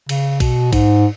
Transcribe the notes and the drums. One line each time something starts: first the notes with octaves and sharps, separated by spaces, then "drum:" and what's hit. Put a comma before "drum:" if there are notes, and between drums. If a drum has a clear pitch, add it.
C#3, drum: cymbal
B2, drum: kick A#1, cymbal
G#2, drum: kick A#1, cymbal